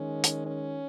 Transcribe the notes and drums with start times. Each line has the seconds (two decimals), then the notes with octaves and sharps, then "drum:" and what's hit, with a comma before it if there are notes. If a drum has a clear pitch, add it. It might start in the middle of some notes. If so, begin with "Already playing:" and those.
Already playing: D#3 G#3 C#4
0.24 drum: hi-hat
0.46 C#4